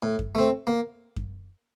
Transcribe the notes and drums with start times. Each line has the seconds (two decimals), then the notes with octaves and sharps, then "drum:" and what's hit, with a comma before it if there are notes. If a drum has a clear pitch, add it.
0.03 A2
0.19 drum: kick F#2
0.35 A3 C4
0.67 A#3
1.16 drum: kick F#2